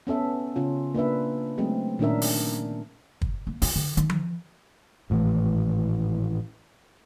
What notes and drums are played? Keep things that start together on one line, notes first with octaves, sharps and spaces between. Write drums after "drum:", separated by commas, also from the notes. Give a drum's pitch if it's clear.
B3 C#4 A4 E5
C#3 C#4 F4
A#3 D4 B4 E5
F#3 G#3 A3 C4
A#2 D#3 C#4 D4 A#4 E5
drum: open hi-hat
drum: kick
A#3
F4, drum: open hi-hat
D3
D#3, drum: hi-hat
drum: tom F3
G#1 A2 D#3 E3